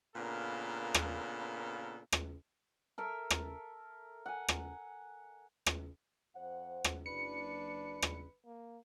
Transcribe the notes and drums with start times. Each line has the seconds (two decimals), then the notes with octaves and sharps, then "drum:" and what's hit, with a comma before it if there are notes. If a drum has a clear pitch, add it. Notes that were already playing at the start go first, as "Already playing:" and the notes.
0.16 A#2 C#3 B3 D4 A4 A#4
0.94 drum: rim click
2.12 drum: rim click
2.98 A4 A#4 E5
3.30 drum: rim click
4.26 F#5 G#5
4.48 drum: rim click
5.66 drum: rim click
6.36 F2 C5 F#5
6.84 drum: rim click
7.06 F#1 D4 B4 C#7
8.02 drum: rim click
8.46 A#3